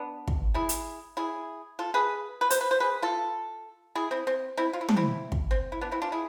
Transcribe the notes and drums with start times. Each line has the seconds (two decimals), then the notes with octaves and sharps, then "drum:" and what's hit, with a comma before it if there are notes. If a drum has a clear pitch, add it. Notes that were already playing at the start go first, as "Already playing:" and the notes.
Already playing: B3 D4
0.27 drum: kick
0.54 E4 G#4
0.69 drum: hi-hat
1.17 E4 G#4
1.79 F4 A4
1.94 G#4 B4
2.41 B4
2.50 C5, drum: hi-hat
2.61 B4
2.71 C5
2.80 G#4 B4
3.02 F4 A4
3.95 E4 G#4
4.11 C4 E4
4.27 C4
4.57 C4 E4
4.73 F4
4.81 E4
4.89 D4, drum: tom
4.96 C4 E4
5.32 drum: kick
5.51 C4
5.72 E4
5.81 B3 D4
5.91 C4 E4
6.02 D4 F4
6.12 E4 G#4